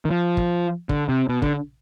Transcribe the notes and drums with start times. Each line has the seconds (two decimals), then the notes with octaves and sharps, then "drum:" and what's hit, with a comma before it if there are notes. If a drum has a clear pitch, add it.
0.05 D#3
0.11 F3
0.37 drum: kick
0.89 D3, drum: kick
1.09 C3
1.29 B2
1.42 D3, drum: kick